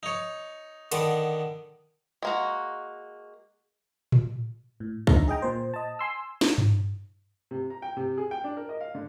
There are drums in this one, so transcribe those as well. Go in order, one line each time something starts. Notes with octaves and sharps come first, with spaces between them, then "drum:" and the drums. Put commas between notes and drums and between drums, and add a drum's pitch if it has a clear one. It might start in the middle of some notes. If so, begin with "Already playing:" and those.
D#4 C#5
D3 D#3 B3, drum: hi-hat
G#3 A#3 F#4
drum: tom A2
A2
D#2 D3 D#4 E5 A#5, drum: kick C2
G#4 D#5 G5 A#5
A#2 C5
D#5 A5
G#5 C6 E6
drum: snare
drum: tom G2
C3
A#5
G5
C3
G#4
G5
D4
A#4
D#5
F5
D3